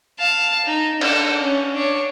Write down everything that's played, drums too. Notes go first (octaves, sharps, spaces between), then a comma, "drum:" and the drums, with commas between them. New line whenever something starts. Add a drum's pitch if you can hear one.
F5 A5
D#4
D4 A4, drum: cymbal
C#4
D4 C#5